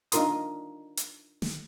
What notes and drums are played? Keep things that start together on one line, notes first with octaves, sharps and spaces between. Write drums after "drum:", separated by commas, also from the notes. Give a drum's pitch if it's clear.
D4 D#4 F4 A#4 C6 D#6, drum: hi-hat
drum: hi-hat
drum: snare